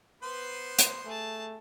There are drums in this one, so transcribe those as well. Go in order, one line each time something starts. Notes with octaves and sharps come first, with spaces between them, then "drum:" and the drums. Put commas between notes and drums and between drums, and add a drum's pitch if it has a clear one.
B3 B4 C5 C6
drum: hi-hat
A3 G#4 A5